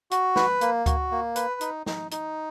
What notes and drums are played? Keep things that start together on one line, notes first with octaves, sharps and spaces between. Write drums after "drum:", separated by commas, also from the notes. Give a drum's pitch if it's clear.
F#4, drum: hi-hat
B4, drum: snare
A#3, drum: hi-hat
F#4, drum: kick C#2, hi-hat
A#3
B4, drum: hi-hat
D#4, drum: hi-hat
D#4, drum: snare
D#4, drum: hi-hat